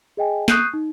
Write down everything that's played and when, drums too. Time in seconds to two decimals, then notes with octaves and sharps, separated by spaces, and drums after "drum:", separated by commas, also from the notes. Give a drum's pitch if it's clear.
0.17 G#4 D#5 G5 G#5
0.48 C#6 D#6 F#6 G6 C7 D#7, drum: snare
0.74 D#4